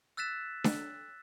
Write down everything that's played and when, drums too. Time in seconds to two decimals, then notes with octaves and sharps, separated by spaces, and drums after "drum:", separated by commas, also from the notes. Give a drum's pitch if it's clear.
0.17 E6 F#6 A6 B6 E7
0.64 drum: snare D4